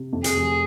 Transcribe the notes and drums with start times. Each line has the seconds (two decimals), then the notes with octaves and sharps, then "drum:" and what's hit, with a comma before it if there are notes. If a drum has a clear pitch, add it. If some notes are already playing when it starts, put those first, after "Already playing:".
Already playing: C3
0.13 F2
0.24 G#4, drum: hi-hat
0.36 F1